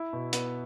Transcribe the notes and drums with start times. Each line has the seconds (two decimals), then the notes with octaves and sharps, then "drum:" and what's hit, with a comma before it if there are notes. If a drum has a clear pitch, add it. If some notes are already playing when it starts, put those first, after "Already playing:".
Already playing: E4
0.13 B2
0.33 B3, drum: hi-hat